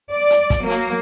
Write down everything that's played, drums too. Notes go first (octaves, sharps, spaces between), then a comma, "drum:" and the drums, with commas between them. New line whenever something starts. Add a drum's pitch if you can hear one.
D5
drum: hi-hat
drum: kick, hi-hat
F#3 A#3
drum: hi-hat